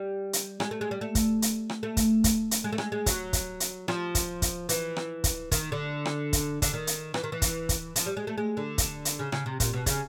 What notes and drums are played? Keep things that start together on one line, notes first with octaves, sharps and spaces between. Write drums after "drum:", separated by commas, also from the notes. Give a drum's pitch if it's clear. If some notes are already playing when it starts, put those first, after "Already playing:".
Already playing: G3
drum: hi-hat
G#3, drum: rim click
A3
G#3
G3
A3
drum: kick, hi-hat
drum: hi-hat
drum: rim click
A3
drum: kick, hi-hat
drum: kick, hi-hat
drum: hi-hat
G#3
A3
G#3, drum: rim click
G#3
F#3, drum: kick, hi-hat
drum: kick, hi-hat
drum: hi-hat
F3, drum: rim click
drum: kick, hi-hat
drum: kick, hi-hat
E3, drum: hi-hat
drum: rim click
drum: kick, hi-hat
D#3, drum: kick, hi-hat
D3
drum: rim click
drum: kick, hi-hat
D3, drum: kick, hi-hat
D#3
drum: hi-hat
E3, drum: rim click
D#3
E3
drum: kick, hi-hat
drum: kick, hi-hat
F3, drum: hi-hat
G3
G#3
A3
G#3
D3
drum: kick, hi-hat
drum: hi-hat
C#3
C#3, drum: rim click
C3
A#2, drum: kick, hi-hat
B2
C#3, drum: kick, hi-hat